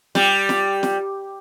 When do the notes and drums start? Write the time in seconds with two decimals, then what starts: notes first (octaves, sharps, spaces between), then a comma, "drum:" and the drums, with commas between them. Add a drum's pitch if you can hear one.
0.15 G3, drum: snare
0.49 drum: snare
0.83 drum: snare